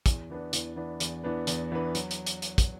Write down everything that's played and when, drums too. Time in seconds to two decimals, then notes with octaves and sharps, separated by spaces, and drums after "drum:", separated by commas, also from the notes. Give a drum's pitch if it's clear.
0.06 E2, drum: kick, hi-hat
0.30 E3 B3 D4 B4
0.53 E2, drum: hi-hat
0.76 E3 B3 D4 B4
1.00 E2, drum: hi-hat
1.23 E3 B3 D4 B4
1.47 E2, drum: hi-hat
1.72 E3 B3 D4 B4
1.95 F#3, drum: hi-hat
2.11 drum: hi-hat
2.27 drum: hi-hat
2.42 drum: hi-hat
2.58 drum: kick, hi-hat